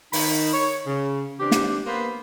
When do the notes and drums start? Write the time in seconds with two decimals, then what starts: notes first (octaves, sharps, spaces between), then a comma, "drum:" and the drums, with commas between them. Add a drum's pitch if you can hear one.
0.13 D#3 D#4 B5, drum: open hi-hat
0.53 C#5
0.87 C#3
1.40 E3 C4 D4 G4
1.51 drum: snare
1.86 A#3 B3 B4 C5